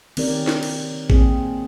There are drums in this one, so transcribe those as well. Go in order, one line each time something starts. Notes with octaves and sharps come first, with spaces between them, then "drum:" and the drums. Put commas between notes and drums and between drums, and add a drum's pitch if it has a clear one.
D#3 C4 C#4 G4 A#4 D5, drum: cymbal
drum: snare
drum: cymbal
A#3 C4 G#4, drum: kick